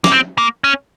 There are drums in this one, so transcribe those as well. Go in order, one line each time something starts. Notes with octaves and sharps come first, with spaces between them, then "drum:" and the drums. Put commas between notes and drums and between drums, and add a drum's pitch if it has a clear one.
A#3, drum: snare
C4
A#3
C#4